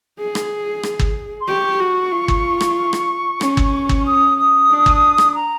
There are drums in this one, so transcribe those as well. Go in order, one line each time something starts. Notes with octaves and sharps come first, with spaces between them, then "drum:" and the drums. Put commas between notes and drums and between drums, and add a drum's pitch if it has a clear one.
G#4
drum: rim click
drum: rim click
drum: kick G1
C6
G4 C#6
F#4
F4
drum: kick G1
drum: rim click
drum: rim click
C#4, drum: rim click
drum: kick G1
drum: kick G1
D#6
D#6
D4
drum: kick G1
drum: rim click
A#5